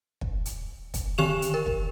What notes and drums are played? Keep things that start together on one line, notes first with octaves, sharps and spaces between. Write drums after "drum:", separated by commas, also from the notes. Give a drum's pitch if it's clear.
drum: kick
drum: hi-hat
drum: kick, hi-hat
D3 D#3 G4 C#6 E7 F7
drum: hi-hat
A#4
drum: kick